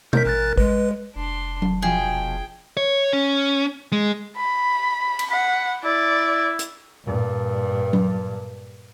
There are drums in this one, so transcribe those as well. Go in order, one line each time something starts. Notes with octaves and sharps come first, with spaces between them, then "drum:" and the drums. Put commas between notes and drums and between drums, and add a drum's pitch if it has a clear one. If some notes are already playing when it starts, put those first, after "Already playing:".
A#4 G6 B6, drum: tom B2
A1 F#6 A6
G#3 B4, drum: kick A1
F1 D4 C6
drum: tom F#3
B2 F3 G#4 G5
C#5
C#4
G#3
B5
drum: cymbal
F#5 B5
E4 D5
drum: hi-hat
G2 A#2
drum: tom F#3